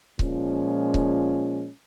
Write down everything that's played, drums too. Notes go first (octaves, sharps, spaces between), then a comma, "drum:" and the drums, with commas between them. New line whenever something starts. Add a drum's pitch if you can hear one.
A#2 F3 G#3 C#4, drum: kick C#1
drum: kick C#1